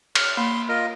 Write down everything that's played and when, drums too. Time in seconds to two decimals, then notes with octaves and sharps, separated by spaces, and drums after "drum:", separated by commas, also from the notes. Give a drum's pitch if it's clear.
0.15 F6 F#6, drum: cymbal
0.37 A#3 B5 C6
0.69 F4 A#4 D#5